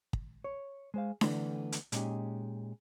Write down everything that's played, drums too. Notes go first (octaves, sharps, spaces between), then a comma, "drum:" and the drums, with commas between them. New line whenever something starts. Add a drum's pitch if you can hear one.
drum: kick
C#5
G#3 C5 F5
D3 E3 A3 B3 D4, drum: snare D4
drum: hi-hat
A#2 G#3 C#4 D#4 G4, drum: hi-hat